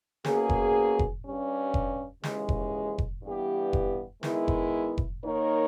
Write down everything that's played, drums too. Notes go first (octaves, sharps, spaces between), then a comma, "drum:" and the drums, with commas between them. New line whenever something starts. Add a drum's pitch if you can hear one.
B2 A#3 C#4 G#4, drum: snare
drum: kick F1
drum: kick F1
G2 G3 C#4
drum: kick F1
D#2 C#3 E3 G#3, drum: snare
drum: kick F1
drum: kick F1
G2 E3 G3 B3 G4
drum: kick F1
D#3 G#3 B3 E4, drum: snare
drum: kick F1
drum: kick F1
D#3 A#3 D#4 A#4 C#5